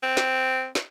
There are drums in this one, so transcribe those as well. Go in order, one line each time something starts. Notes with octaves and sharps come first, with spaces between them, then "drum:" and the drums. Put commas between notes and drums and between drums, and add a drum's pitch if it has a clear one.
C4
drum: snare
drum: snare